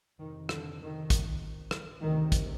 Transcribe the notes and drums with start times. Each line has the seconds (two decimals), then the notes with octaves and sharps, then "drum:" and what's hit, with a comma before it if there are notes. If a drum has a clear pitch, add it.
0.19 F2 C3 D#3
0.49 D3, drum: rim click
0.80 D#3
1.10 drum: kick, hi-hat
1.71 drum: rim click
2.02 D2 C3 D#3
2.32 drum: kick, hi-hat